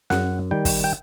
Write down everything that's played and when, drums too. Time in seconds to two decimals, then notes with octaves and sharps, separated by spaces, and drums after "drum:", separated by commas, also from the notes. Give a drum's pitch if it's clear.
0.10 F#2 F#5, drum: snare
0.51 D#3 G3 G5
0.65 drum: kick, open hi-hat
0.84 G5